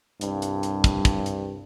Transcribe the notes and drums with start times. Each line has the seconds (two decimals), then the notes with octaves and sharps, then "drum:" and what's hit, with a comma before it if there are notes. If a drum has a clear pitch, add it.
0.21 C2 G2, drum: hi-hat
0.42 drum: hi-hat
0.63 drum: hi-hat
0.84 drum: kick, hi-hat
1.05 drum: kick, hi-hat
1.26 drum: hi-hat